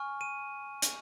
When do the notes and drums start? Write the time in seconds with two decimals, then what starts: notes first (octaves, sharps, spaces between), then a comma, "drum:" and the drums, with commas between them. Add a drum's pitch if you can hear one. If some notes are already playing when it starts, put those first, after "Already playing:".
Already playing: G#5 C#6 F6
0.21 D#7
0.82 drum: hi-hat